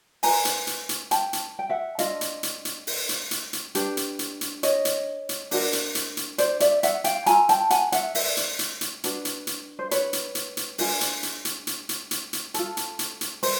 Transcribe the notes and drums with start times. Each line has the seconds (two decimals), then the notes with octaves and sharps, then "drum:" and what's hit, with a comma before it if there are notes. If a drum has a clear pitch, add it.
0.23 F4 G#4 B4 G#5 A#5, drum: open hi-hat
0.45 drum: hi-hat
0.67 drum: hi-hat
0.89 drum: hi-hat
1.11 G5 A5, drum: hi-hat
1.33 drum: hi-hat
1.59 G5
1.70 E5 F#5
1.99 D4 F4 A4 D#5 F5, drum: hi-hat
2.21 drum: hi-hat
2.43 drum: hi-hat
2.65 drum: hi-hat
2.87 drum: open hi-hat
3.09 drum: hi-hat
3.31 drum: hi-hat
3.53 drum: hi-hat
3.75 D4 G4 B4, drum: hi-hat
3.97 drum: hi-hat
4.19 drum: hi-hat
4.41 drum: hi-hat
4.63 C#5 D#5, drum: hi-hat
4.85 drum: hi-hat
5.29 drum: hi-hat
5.51 D4 F#4 A#4, drum: open hi-hat
5.73 drum: hi-hat
5.95 drum: hi-hat
6.17 drum: hi-hat
6.38 C5 D5, drum: hi-hat
6.60 D5 E5, drum: hi-hat
6.83 E5 F#5, drum: hi-hat
7.04 F5 G5, drum: hi-hat
7.26 F4 A4 G#5 A#5, drum: hi-hat
7.49 G5 A5, drum: hi-hat
7.70 F#5 G#5, drum: hi-hat
7.92 E5 F#5, drum: hi-hat
8.15 D5 E5, drum: open hi-hat
8.37 drum: hi-hat
8.59 drum: hi-hat
8.81 drum: hi-hat
9.04 D4 F#4 B4, drum: hi-hat
9.25 drum: hi-hat
9.47 drum: hi-hat
9.79 C5
9.91 B4 C#5, drum: hi-hat
10.13 drum: hi-hat
10.35 drum: hi-hat
10.57 drum: hi-hat
10.78 D4 F4 G#4, drum: open hi-hat
11.01 drum: hi-hat
11.23 drum: hi-hat
11.45 drum: hi-hat
11.67 drum: hi-hat
11.89 drum: hi-hat
12.11 drum: hi-hat
12.33 drum: hi-hat
12.54 F4 A4, drum: hi-hat
12.77 drum: hi-hat
12.99 drum: hi-hat
13.21 drum: hi-hat
13.43 C5, drum: open hi-hat